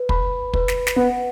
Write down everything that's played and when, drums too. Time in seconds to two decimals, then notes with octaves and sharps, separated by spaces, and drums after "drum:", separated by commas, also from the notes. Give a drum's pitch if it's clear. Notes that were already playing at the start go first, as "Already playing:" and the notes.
Already playing: B4
0.09 B5, drum: kick
0.54 B4, drum: kick
0.68 drum: snare
0.87 drum: snare
0.96 B3 F#5